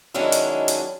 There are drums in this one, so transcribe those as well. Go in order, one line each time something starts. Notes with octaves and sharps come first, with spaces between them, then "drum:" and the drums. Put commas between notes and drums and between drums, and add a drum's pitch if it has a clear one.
D#3 F#3 G#3 C#4 D4 E4
drum: hi-hat
drum: hi-hat